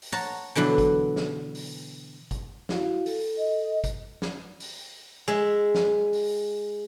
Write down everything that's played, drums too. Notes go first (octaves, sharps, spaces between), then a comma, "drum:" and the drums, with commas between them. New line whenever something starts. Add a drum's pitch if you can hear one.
drum: open hi-hat
C#5 F#5 A5 A#5
B2 D3 E3 F#3
drum: kick, hi-hat
drum: snare
drum: open hi-hat
drum: kick, hi-hat
E4 F#4 F5, drum: snare
A4, drum: open hi-hat
D#5
drum: kick, hi-hat
drum: snare
drum: open hi-hat
G#3 E5
drum: snare
drum: open hi-hat